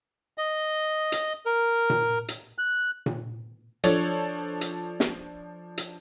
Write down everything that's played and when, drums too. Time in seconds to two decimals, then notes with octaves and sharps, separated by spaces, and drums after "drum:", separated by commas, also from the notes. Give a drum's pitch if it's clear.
0.38 D#5
1.12 drum: hi-hat
1.46 A#4
1.90 drum: tom A#2
2.28 drum: hi-hat
2.58 F#6
3.06 drum: tom A#2
3.84 F3 D4 A4 C#5, drum: hi-hat
4.61 drum: hi-hat
5.00 drum: snare
5.78 drum: hi-hat